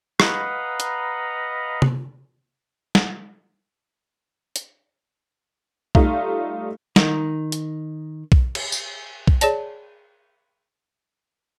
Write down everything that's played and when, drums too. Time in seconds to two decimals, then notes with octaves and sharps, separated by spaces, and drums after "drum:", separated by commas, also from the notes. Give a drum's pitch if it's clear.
0.20 B4 D#5 F5 F#5 A#5 B5, drum: rim click
0.80 drum: hi-hat
1.82 drum: tom C3
2.95 drum: snare
4.56 drum: hi-hat
5.95 G3 A3 D#4 F4, drum: kick B1
6.96 D#3 D#4, drum: snare
7.52 drum: hi-hat
8.32 drum: kick B1
8.55 drum: cymbal
8.72 drum: tambourine
9.27 drum: kick B1
9.41 G#4 C#5 D5 A5, drum: hi-hat